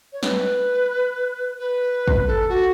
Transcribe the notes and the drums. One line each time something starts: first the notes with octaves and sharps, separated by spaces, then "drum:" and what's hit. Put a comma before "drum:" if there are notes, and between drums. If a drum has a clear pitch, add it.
C#5
B4, drum: snare
B4
drum: kick
A4
F#4